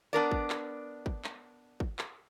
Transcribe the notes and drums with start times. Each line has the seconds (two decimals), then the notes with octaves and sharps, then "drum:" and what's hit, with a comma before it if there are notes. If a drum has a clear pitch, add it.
0.13 B3 D4 A#4 D5
0.31 drum: kick
0.50 drum: clap
1.06 drum: kick
1.24 drum: clap
1.80 drum: kick
1.99 drum: clap